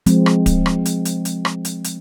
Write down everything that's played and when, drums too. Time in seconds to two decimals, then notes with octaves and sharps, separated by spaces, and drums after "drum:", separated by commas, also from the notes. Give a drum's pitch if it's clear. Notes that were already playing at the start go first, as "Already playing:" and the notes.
0.06 F3 G#3 C4, drum: hi-hat
0.26 drum: rim click
0.46 drum: kick D1, hi-hat
0.66 drum: rim click
0.85 drum: hi-hat
1.05 drum: hi-hat
1.25 drum: hi-hat
1.45 drum: rim click
1.65 drum: hi-hat
1.84 drum: hi-hat